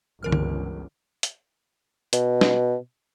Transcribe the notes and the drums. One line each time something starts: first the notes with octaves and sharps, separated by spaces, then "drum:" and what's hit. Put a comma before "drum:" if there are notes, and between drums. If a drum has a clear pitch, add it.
G1 C#2 E3 A#4 F6
drum: tom D3
drum: hi-hat
B2, drum: hi-hat
drum: snare